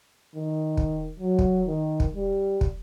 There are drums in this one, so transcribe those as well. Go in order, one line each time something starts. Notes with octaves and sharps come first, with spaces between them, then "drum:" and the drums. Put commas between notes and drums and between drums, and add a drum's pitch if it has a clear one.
D#3
drum: kick
F#3
drum: kick
D#3
drum: kick
G3
drum: kick